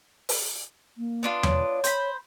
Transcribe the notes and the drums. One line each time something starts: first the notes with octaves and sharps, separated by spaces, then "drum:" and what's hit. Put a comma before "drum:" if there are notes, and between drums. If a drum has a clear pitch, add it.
drum: open hi-hat
A#3
B3 D4 F4
C#5, drum: tom E2
C5 B5, drum: hi-hat